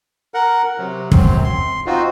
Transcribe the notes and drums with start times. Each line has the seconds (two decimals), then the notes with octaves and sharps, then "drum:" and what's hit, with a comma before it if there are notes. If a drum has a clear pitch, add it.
0.34 A#4 F#5
0.78 C3 F#3
1.12 F#2 F#3 C4, drum: kick
1.44 C6
1.86 C4 D#4 F4 F#4